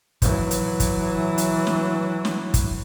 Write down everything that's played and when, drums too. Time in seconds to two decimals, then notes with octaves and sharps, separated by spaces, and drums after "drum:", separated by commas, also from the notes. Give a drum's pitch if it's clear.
0.22 E3 F#3, drum: kick, hi-hat
0.51 drum: hi-hat
0.80 drum: kick, hi-hat
1.38 drum: hi-hat
1.67 drum: snare
2.25 drum: snare
2.54 drum: kick, hi-hat